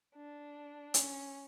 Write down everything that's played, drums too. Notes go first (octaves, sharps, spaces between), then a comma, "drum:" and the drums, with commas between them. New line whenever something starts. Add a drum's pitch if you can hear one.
D4
C#4, drum: hi-hat